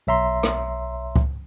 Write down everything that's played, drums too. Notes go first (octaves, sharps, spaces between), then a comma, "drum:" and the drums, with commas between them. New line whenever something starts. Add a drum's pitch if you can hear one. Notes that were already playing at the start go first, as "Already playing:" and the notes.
B1 C#5 E5 A#5 C6
drum: rim click
drum: kick C#2